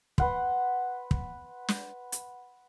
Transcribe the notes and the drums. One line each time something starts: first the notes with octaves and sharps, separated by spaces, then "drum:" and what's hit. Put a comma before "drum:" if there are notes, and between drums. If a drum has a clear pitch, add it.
B4 F#5 C6, drum: kick
drum: kick
drum: snare
drum: hi-hat